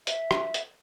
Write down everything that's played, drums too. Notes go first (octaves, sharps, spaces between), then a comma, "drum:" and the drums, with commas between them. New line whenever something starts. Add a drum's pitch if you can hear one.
E5, drum: hi-hat
drum: rim click
drum: hi-hat